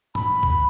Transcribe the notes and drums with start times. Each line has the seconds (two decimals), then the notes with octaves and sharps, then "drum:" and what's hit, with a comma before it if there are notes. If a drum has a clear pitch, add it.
0.15 B5, drum: tom
0.43 drum: kick B1